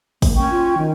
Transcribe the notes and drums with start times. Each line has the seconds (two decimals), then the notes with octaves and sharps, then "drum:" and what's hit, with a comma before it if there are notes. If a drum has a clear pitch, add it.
0.22 A#3, drum: kick, open hi-hat
0.37 A#3 C#4 G5 C#6
0.50 F4
0.78 D#3